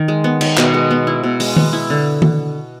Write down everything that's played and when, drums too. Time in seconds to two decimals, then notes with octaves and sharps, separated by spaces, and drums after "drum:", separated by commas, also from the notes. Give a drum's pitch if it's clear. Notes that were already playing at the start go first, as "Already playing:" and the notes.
Already playing: D#3
0.08 G#3
0.24 B3
0.41 D#3, drum: cymbal
0.57 B2, drum: clap
0.74 G#3
0.91 B3
1.07 E4
1.23 B2
1.40 G#3, drum: open hi-hat
1.57 B3, drum: tom D#3
1.73 E4
1.90 D3
2.22 drum: tom D#3